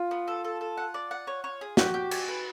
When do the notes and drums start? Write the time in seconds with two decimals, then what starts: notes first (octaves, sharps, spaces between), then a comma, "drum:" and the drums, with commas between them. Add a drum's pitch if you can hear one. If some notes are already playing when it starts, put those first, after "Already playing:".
Already playing: F4
0.11 B3
0.28 A4
0.44 A4
0.61 A4
0.77 F#5
0.94 D5
1.11 F#5
1.27 C#5
1.44 C#5
1.61 G#4
1.77 F#4 G4, drum: snare
1.94 G4
2.11 G#5, drum: cymbal
2.28 B4